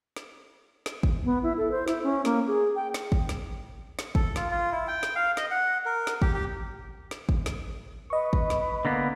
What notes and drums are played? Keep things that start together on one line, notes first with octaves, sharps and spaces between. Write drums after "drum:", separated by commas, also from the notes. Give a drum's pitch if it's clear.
drum: snare
drum: snare
drum: kick
B3
E4
A4
C5
E4, drum: snare
C#4
A#3, drum: snare
G#4
G5
drum: snare
drum: kick
drum: snare
drum: snare
A4, drum: kick
F4, drum: snare
F4
E4
G5
drum: snare
F5
D#5, drum: snare
F#5
A#4
drum: snare
G4, drum: kick
G4
drum: snare
drum: kick
drum: snare
B4 D#5 C#6
drum: kick
drum: snare
D3 A#3 B3